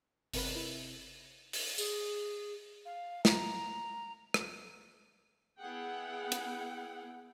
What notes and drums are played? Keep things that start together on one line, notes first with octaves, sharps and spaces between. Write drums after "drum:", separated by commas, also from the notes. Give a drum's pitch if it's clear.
G1 C3 A#4 B4, drum: open hi-hat
E4
drum: open hi-hat
G#4, drum: tambourine
F5
A#5, drum: snare
drum: rim click
B3 E4 G#4 F#5 G5
drum: hi-hat